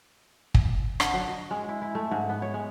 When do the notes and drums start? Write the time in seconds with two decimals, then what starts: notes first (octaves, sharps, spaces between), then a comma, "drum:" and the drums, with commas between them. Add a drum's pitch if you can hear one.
0.54 drum: kick
1.00 D3, drum: rim click
1.14 F#3
1.28 D#5
1.51 G#3
1.69 E4
1.82 E4
1.95 A3
2.11 G#2
2.29 B3
2.42 C#5
2.54 G#3